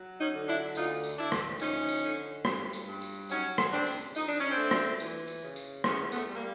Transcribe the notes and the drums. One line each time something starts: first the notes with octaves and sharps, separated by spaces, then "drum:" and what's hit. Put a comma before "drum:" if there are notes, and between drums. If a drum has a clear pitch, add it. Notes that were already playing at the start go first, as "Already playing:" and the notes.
Already playing: F#3
C#4 D#4
D3
D4 E4
D2 D#4 F4, drum: tambourine
drum: tambourine
D2 D4 E4
drum: rim click
F3 C#4 D#4, drum: tambourine
drum: tambourine
D3
G2, drum: rim click
drum: tambourine
G2
drum: tambourine
F#3 C#4 D#4, drum: tambourine
drum: rim click
C#3 C4 D4
drum: tambourine
F2 D#4, drum: tambourine
D4
C#4
C4 D4
A3
drum: rim click
E3, drum: tambourine
drum: tambourine
C#3
drum: tambourine
E2 B3 C#4, drum: rim click
A3 B3, drum: tambourine
G3
A#3